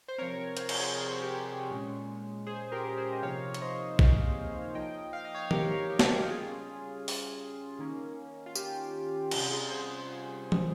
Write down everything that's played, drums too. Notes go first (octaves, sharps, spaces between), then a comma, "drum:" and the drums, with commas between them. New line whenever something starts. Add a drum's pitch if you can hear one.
C5
C3 F3 C4 A#4 C#5
C5, drum: hi-hat
C#5, drum: cymbal
G#4 C5
A#4
C5
G4 A#4
A#2 G#3 C#4
G#4 C5
G4 A#4
G#4 C5
D#5
C3 F3 A#3 D#4 C#5 F5
C#5, drum: hi-hat
C5 D#5
G#4 C5, drum: kick A#1
F3 A#3 D#4 D#5 G5
F5
D#5
C#5 F5
G4 A#4, drum: tom D#3
G4 A#4
drum: snare
C#3 G3 C#4 F4 G#4
drum: open hi-hat
D#3 A#3 C#4
F4
G4, drum: tambourine
C3 G3 C#4 F4, drum: cymbal
F4 G#4
G#4 C5
drum: tom